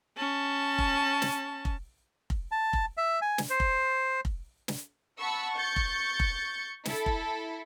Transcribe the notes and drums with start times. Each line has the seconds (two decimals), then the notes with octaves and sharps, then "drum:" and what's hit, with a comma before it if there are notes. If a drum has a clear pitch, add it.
0.17 C#4 A5
0.78 drum: kick F1
1.22 drum: snare
1.65 drum: kick F1
2.30 drum: kick F1
2.52 A5
2.73 drum: kick F1
2.97 E5
3.22 G#5
3.38 drum: snare
3.50 C5
3.60 drum: kick F1
4.25 drum: kick F1
4.68 drum: snare
5.18 F#5 A5 B5 C#6 E6
5.56 C#6 G6 A6 C#7
5.76 drum: kick F1
6.20 drum: kick F1
6.85 E4 A4, drum: snare
7.06 drum: kick F1